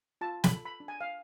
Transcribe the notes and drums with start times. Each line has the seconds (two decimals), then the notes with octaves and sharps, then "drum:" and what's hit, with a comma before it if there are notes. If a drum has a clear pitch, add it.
0.21 F4 A5
0.44 B5, drum: snare
0.51 A4
0.65 B5
0.80 D4
0.88 G#5
1.01 F5